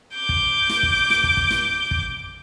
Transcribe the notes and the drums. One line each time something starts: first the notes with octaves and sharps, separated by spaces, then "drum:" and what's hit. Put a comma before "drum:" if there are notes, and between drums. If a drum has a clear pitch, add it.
D6 G6
drum: kick
drum: snare
drum: kick
drum: snare
drum: kick
drum: kick
drum: snare
drum: kick